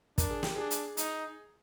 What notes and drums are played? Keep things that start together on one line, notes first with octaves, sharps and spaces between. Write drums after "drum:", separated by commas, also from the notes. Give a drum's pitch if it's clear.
D4 A#4, drum: kick, hi-hat
G#4
G4, drum: snare
D4 G#4
drum: hi-hat
D#4, drum: hi-hat